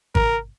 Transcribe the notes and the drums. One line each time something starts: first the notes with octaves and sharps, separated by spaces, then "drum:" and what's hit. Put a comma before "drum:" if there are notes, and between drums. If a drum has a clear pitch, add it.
A#4, drum: kick G#1